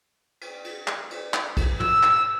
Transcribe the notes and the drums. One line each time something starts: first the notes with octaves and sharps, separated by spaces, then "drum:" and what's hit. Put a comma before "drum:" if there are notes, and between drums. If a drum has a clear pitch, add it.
drum: cymbal
drum: cymbal
drum: clap
drum: cymbal
drum: clap
drum: kick A#1, cymbal
E6, drum: tom
drum: clap